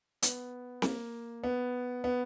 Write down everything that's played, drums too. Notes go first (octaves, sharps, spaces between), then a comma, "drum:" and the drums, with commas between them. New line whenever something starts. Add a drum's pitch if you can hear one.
B3, drum: hi-hat
A#3, drum: snare C4
B3
B3